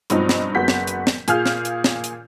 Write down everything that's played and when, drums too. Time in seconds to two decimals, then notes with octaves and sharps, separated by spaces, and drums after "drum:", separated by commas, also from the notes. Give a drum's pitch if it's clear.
0.10 G2 B2 F3 F#3 C4 D#4, drum: hi-hat
0.29 drum: snare
0.55 F#1 B3 F#4 G6 B6
0.68 drum: snare
0.87 drum: hi-hat
1.07 drum: snare
1.28 A#2 G#4 F5 F6 G6, drum: hi-hat
1.46 drum: snare
1.65 drum: hi-hat
1.84 drum: snare
2.04 drum: hi-hat